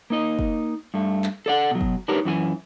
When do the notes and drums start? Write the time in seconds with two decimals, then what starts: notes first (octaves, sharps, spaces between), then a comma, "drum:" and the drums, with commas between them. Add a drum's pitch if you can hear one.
0.10 A#3 D#4 D#5
0.39 drum: kick F#1
0.94 G2 A3
1.24 drum: clap
1.46 A4 D5 F#5
1.71 B2 F#3
1.81 drum: kick F#1
2.08 D4 D#4 G4 A#4 B4 C#5
2.25 F#2 E3 F#4 G#5